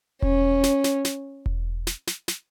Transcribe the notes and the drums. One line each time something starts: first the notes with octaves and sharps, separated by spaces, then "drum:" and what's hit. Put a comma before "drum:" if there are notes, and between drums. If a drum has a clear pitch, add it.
C#4, drum: kick E1
drum: snare
drum: snare
drum: snare
drum: kick E1
drum: snare
drum: snare
drum: snare